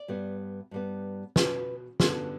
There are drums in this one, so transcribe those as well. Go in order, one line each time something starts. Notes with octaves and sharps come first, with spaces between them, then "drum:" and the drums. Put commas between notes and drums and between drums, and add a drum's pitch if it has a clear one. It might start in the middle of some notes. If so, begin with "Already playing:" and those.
Already playing: D5
G2 G3 B3
G2 G3 B3
B2 B3 B4, drum: snare
G2 D3 G3 B3, drum: snare